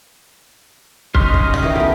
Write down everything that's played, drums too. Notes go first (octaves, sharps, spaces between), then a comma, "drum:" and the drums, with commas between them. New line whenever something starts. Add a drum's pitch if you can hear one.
C#3 D#4 G4 C6 F6, drum: kick
drum: kick
drum: tom A#1
D#3 E3
A3 B3 G4